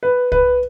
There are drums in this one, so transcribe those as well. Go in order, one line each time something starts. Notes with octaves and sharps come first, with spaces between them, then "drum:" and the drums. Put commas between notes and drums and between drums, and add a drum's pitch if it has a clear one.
B4
B4, drum: kick C2